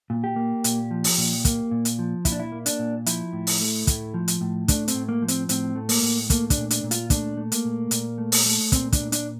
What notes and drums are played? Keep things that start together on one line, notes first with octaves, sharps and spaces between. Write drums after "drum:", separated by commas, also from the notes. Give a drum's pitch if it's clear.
A#2
G4
A#3
A#2, drum: hi-hat
F3
drum: open hi-hat
A#2
A#3, drum: kick, hi-hat
A#2
drum: hi-hat
F3
A#2 E4, drum: kick, hi-hat
D4
E4
A#3
D4, drum: hi-hat
A#2
F3 E4, drum: hi-hat
A2
drum: open hi-hat
A3
A2, drum: kick, hi-hat
F3
drum: hi-hat
A2
A3 D4, drum: kick, hi-hat
C4, drum: hi-hat
A2
A#3
F3
C4, drum: hi-hat
A2 C4, drum: hi-hat
A3
A#3, drum: open hi-hat
A2
A3 A#3, drum: kick, hi-hat
D4, drum: kick, hi-hat
A#2
D4, drum: hi-hat
A#2
F4, drum: hi-hat
A3 D4, drum: kick, hi-hat
A3
A#3, drum: hi-hat
A#2
A#2, drum: hi-hat
A3
drum: open hi-hat
A3
A#2 C4, drum: kick, hi-hat
D4, drum: kick, hi-hat
A#2
D4, drum: hi-hat